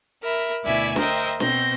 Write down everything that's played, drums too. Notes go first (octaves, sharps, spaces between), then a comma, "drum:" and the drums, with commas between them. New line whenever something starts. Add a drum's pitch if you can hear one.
A#4 E5 B5
D2 B2 E4 D5 E5 G#5
A#4 C5 D#5 E5 G5, drum: snare
B2 C4 G6 A#6, drum: snare